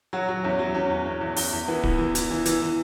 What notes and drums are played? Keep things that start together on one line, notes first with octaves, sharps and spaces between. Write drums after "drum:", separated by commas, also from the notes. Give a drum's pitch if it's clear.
F#3 F#4
F#3
E2 C#4
F#3
E2 C#4
E2
E2 C#4
E2
E2, drum: open hi-hat
E2
E3 B3
E3, drum: kick D1
E3
E3, drum: hi-hat
E3
E3, drum: hi-hat
E3